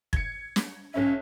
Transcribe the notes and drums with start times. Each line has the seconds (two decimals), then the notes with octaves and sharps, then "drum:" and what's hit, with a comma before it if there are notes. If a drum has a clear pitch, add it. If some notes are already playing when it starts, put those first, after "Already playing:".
0.13 G#6 C#7, drum: kick
0.56 drum: snare
0.94 B1 C#4 C#5 E5